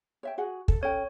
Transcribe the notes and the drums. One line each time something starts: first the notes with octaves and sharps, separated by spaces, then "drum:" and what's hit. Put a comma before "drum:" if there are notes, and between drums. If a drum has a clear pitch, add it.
C#5 E5 G5
F#4 G#4 F#5
A4, drum: kick
C#4 A4 C#5 G5